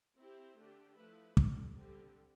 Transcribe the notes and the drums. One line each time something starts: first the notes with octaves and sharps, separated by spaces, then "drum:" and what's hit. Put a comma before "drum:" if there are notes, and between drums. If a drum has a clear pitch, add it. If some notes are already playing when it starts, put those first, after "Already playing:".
C4 E4 G4 C5
D3 A3 D4 G4
F3 A3 E4 B4
D3 G3 D4, drum: kick
D3 G3 C4 G4